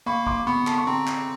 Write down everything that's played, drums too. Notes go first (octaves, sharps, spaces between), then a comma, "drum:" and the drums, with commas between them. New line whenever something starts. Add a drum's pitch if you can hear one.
A#3 B5 C#6
C6 D6, drum: kick A1
B3 B5 C#6
A5 B5, drum: clap
C#6
C4 A#5 C6
drum: clap